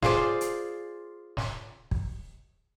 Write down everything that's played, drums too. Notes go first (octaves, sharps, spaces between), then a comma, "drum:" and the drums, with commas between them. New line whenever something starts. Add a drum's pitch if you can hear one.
F4 G#4 C5 D5, drum: snare
drum: hi-hat
drum: snare
drum: kick